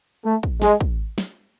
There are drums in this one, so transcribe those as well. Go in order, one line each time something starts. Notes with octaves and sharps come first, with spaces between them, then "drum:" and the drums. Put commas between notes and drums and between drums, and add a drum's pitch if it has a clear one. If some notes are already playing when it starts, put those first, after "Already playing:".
A3
drum: kick
G#3, drum: snare
drum: kick
drum: snare